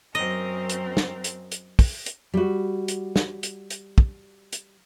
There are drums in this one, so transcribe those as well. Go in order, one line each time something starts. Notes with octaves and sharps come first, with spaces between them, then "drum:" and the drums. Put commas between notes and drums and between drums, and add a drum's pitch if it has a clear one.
F#2 C4 A#4 D#5
drum: hi-hat
drum: snare
drum: hi-hat
drum: hi-hat
drum: kick, open hi-hat
drum: hi-hat
G3 F#4
drum: hi-hat
drum: snare
drum: hi-hat
drum: hi-hat
drum: kick
drum: hi-hat